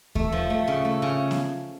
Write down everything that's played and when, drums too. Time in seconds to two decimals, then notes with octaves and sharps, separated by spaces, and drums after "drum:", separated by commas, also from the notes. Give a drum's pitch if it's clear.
0.15 A3, drum: kick D#2
0.32 F3
0.50 A3
0.68 C#3
0.85 A3
1.02 C#3
1.31 drum: snare B3